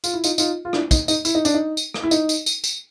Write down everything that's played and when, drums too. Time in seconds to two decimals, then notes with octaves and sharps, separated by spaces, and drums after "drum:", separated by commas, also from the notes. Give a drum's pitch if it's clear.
0.04 F4, drum: tambourine
0.13 E4
0.24 D#4 F4, drum: tambourine
0.38 D#4 F4, drum: tambourine
0.65 F4
0.73 D4 E4, drum: rim click
0.91 D#4, drum: kick, tambourine
1.08 D#4, drum: tambourine
1.25 E4, drum: tambourine
1.35 D#4
1.45 D4, drum: tambourine
1.54 D#4
1.77 drum: tambourine
1.94 drum: rim click
2.03 E4
2.11 D#4, drum: tambourine
2.29 drum: tambourine
2.46 drum: tambourine
2.64 drum: tambourine